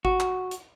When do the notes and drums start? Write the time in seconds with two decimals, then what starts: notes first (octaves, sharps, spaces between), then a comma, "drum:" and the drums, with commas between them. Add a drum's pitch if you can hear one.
0.05 F#4, drum: kick G#1
0.20 drum: clap
0.51 drum: hi-hat